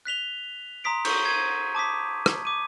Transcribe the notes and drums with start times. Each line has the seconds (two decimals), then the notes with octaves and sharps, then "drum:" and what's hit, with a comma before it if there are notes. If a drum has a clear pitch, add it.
0.05 F#6 B6 F7 G7
0.84 A#5 C6 D#6 B6 D7
1.05 C#6 G6, drum: cymbal
1.25 G#6 D#7
1.75 A5 D6 D#6 B6
2.26 drum: rim click
2.45 D6 D#7